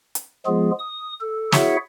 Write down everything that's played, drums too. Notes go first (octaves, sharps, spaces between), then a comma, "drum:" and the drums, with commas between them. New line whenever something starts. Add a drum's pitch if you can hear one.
drum: hi-hat
F3 G#3 B3 F4 G#4
D#6
A4
E4 F#4 G#4 C#5 E5 F#5, drum: snare